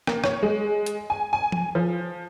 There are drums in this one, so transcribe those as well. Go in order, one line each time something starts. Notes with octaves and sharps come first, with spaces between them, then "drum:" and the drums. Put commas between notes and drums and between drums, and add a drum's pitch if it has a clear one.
A#3, drum: rim click
C#5, drum: rim click
G#3
drum: hi-hat
G#5
G#5
drum: tom F3
F3